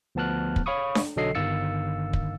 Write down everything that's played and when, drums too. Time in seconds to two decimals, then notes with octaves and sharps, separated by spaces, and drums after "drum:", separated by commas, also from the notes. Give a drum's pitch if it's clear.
0.15 D2 F3 B3 A5 F6 F#6
0.56 drum: kick
0.66 C#5 F5 B5 C#6 D#6
0.95 drum: snare D4
1.16 B1 D3 F#3 A4 D#5 C7
1.35 G1 D#3 F5 E6 A6 C#7
2.13 drum: kick